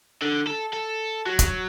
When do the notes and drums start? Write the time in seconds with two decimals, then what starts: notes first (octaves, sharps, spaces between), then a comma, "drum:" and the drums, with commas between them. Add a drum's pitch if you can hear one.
0.22 D3
0.47 A4
0.73 A4
1.26 F#3
1.39 drum: kick, hi-hat